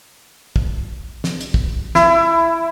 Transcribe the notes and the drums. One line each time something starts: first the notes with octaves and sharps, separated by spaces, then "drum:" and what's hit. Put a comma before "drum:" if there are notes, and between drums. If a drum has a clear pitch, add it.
drum: kick
drum: snare
drum: hi-hat
drum: kick
E4, drum: snare